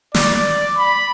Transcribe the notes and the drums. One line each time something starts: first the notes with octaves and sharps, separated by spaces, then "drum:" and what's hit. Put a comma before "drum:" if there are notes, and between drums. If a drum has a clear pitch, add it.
D5, drum: snare
B5